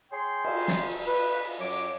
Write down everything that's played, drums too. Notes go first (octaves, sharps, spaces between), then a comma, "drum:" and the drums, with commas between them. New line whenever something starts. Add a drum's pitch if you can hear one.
G#4 C#5 G5 C6
drum: cymbal
drum: snare
B4
F#2 F#3 C#5 D6